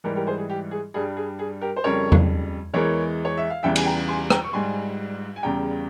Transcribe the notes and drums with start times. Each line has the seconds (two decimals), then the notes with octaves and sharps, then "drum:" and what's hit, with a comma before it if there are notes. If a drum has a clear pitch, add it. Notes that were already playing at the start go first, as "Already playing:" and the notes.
0.04 G#2 E3 G3 G4 A#4
0.16 G4 A#4
0.27 G#4 C5
0.38 G#4
0.49 G4
0.71 G#4
0.94 G2 G3 G#4
1.17 G#4
1.39 G#4
1.61 G4 A#4
1.76 C5
1.84 F2 C#3 G3 A#4 C#5
2.12 drum: tom E2
2.73 E2 E3 G#3 A#4 C#5
3.25 C#5
3.37 E5
3.50 F5
3.63 E2 C#3 E3 G3 E5 G5
3.76 G#5, drum: cymbal
3.86 G5 A#5
4.08 G#5 C6
4.30 G5 A#5, drum: rim click
4.44 C#6
4.53 G#2 G3 G#5 C6
5.36 G#5
5.43 E2 C#3 G3 G5 A#5